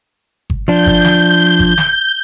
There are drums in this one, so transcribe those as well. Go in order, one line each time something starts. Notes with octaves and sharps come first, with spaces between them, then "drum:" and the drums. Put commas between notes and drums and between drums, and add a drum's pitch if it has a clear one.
drum: kick G1
F3 D4 G6
drum: kick G1
drum: snare
drum: kick G1
drum: snare